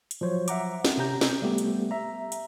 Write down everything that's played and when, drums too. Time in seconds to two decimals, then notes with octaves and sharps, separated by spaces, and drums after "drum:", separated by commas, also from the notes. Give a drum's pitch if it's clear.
0.11 drum: hi-hat
0.21 F3 F#3 C5 C#5
0.48 E5 F#5 A#5 D6, drum: hi-hat
0.85 drum: snare
0.98 C3 C#4 G4 A#5 G6
1.21 drum: snare
1.42 G3 A3 B3 G4
1.58 drum: hi-hat
1.91 E5 A#5
2.32 drum: hi-hat